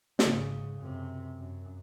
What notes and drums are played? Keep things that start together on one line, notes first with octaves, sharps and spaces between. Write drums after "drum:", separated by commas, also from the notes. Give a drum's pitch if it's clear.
G#2 C#3, drum: snare
F#2 C3
F#2